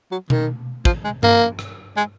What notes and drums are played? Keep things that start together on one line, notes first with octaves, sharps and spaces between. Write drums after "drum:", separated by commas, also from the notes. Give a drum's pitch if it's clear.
F#3
D#3, drum: tom B2
F3, drum: kick
G#3
A#3, drum: tom G2
drum: rim click
G#3